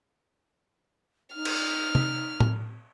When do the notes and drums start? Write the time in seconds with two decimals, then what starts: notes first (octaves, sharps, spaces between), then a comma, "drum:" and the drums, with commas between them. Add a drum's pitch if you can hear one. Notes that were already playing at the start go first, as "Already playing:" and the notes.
1.35 D#4 F6
1.45 drum: cymbal
1.95 drum: tom C3
2.40 drum: tom A2